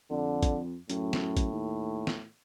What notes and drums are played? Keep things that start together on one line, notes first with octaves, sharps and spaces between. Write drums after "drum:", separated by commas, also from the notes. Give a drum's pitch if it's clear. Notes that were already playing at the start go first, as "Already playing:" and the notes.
F2 D3
drum: kick, hi-hat
F#2 A2, drum: hi-hat
drum: snare
drum: kick, hi-hat
D#2
drum: snare